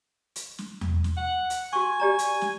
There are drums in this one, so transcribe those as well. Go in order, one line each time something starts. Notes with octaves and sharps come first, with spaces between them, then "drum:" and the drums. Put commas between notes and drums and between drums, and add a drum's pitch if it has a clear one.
drum: hi-hat
drum: snare
drum: tom E2
drum: snare
F#5
drum: hi-hat
F#4 G#5 C#6
G4 D5 A#5
drum: hi-hat
drum: snare